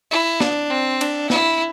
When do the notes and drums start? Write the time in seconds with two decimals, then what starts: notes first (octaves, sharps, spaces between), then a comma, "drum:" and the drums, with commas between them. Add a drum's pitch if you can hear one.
0.11 E4
0.40 D4, drum: snare
0.70 C4
1.01 D4, drum: cymbal
1.30 E4, drum: snare